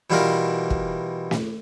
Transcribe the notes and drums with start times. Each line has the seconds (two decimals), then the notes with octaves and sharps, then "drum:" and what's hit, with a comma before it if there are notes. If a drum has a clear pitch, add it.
0.10 B2 E3 G3 D4 F4 A#4
0.70 drum: kick
1.31 drum: snare